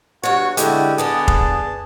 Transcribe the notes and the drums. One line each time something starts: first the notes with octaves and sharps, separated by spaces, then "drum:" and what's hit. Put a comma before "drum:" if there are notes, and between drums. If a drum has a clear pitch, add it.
G2 F#4 C#5
D3 G#3 E4 F#4 G4 A4, drum: hi-hat
D3 B3 G#4 D5 A5
drum: kick F1